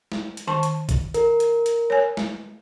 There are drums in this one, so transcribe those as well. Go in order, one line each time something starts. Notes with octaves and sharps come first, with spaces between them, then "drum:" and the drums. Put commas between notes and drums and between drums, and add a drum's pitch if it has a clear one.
drum: snare
drum: hi-hat
D#3 A5 C#6
drum: hi-hat
drum: kick, hi-hat
A#4, drum: hi-hat
drum: hi-hat
drum: hi-hat
C#5 G#5
drum: snare